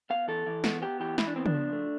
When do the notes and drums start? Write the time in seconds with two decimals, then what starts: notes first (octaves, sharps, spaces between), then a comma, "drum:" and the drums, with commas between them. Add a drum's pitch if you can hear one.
0.10 B3 F5
0.28 E3 A4
0.46 E3
0.64 B3, drum: snare
0.82 B3 G4
1.00 E3 G4
1.18 E3 E4, drum: snare
1.27 D4
1.36 B3 C4
1.46 D4, drum: tom C#3
1.54 F3
1.72 A3